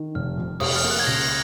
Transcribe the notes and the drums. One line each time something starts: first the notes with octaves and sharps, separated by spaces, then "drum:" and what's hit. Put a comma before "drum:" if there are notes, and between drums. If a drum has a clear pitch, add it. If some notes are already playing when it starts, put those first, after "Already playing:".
Already playing: D#3
F1 F6
F2
F1 D#6, drum: cymbal
F6
A#3
F#6
G#6
C#2 A#6